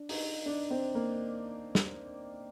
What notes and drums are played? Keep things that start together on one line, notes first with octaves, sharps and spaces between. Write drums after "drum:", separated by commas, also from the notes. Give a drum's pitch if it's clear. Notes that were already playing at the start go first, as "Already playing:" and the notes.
Already playing: D4
D#4, drum: open hi-hat
D4
C4
A#3
drum: snare